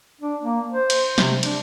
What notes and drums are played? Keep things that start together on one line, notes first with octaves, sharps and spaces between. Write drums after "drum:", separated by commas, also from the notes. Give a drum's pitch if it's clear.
D4
A#3
C5
drum: cymbal
C3, drum: snare
D4, drum: cymbal